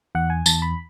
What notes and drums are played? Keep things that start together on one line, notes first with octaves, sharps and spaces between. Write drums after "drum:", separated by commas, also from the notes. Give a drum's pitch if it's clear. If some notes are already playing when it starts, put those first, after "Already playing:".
E2 F#5
G#5
E2 A5, drum: tambourine
B5